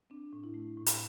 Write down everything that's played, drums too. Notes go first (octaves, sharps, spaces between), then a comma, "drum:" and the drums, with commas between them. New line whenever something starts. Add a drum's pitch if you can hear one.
C4 D4
A2
E4
A3
A2
drum: hi-hat